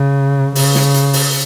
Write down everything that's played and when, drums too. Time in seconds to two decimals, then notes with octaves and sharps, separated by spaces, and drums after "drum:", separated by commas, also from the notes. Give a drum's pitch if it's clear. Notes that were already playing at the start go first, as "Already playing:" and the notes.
Already playing: C#3
0.55 C#3, drum: open hi-hat
0.75 drum: snare
0.94 drum: hi-hat
1.13 drum: open hi-hat